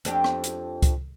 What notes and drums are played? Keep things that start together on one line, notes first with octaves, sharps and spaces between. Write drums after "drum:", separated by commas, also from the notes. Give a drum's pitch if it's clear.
F2 D4 G4, drum: hi-hat
drum: rim click
drum: hi-hat
drum: kick C#2, hi-hat